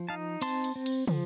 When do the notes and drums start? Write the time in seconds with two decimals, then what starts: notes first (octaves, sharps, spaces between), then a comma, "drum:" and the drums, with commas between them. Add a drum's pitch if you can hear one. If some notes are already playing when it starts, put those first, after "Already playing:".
Already playing: F3
0.09 D#4 F5 A5
0.41 C4 A5 C6, drum: cymbal
0.64 drum: cymbal
0.76 C4
0.86 drum: cymbal
1.08 F3, drum: tom